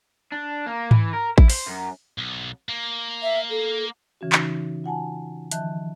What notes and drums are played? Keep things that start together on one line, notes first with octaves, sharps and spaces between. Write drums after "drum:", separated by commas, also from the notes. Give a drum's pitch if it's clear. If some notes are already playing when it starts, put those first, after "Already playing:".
D4
A#3
E3, drum: tom G#2
A#4
E4, drum: kick A1
C5, drum: open hi-hat
F#2
B1
A#3
E5
A4
C#3 E3 C#4 F#4
D#4, drum: clap
F4 F#5 G#5 A5
D#3 F3 E5 A5 F#6, drum: hi-hat